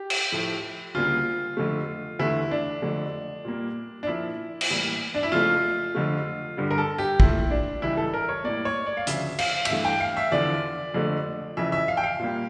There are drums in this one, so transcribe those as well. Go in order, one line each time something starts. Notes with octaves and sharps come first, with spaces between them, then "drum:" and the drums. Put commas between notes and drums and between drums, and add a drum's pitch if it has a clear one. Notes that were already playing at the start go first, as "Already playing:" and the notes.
Already playing: G4
drum: cymbal
A2 F3 A3
D2 C#3 G3 A#3 F4
F2 D3 A3
E2 D3 A3 E4
D4
F2 D3 A3
A#2 G3 A#3
D4
A#2 F3 A#3 E4
drum: cymbal
A2 E3 G3 A#3
D4
E4
F2 C#3 F3 A3 F4
F2 D3 A3
G2 D3 G3
A#4
A4
G4
A#2 A3 E4, drum: kick
D4
C#2 C#3 E3 G3 E4
A4
A#4
C#5
A2 G3 A#3 D5
C#5
D5
F5
D2 C#3 F3 E5, drum: hi-hat
F5, drum: cymbal
E5, drum: cymbal
G2 E3 A3 F5
G5
F5
E5
E2 D3 F3 D5
F2 D3 A3
F2 C#3 E3 E5
E5
F5
G5
F5
A#2 G3 A#3